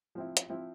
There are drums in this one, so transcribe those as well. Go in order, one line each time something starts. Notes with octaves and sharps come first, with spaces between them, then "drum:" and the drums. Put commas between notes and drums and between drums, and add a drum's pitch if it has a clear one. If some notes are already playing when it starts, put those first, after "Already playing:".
F3 C4 E4
drum: hi-hat
F3 C4 E4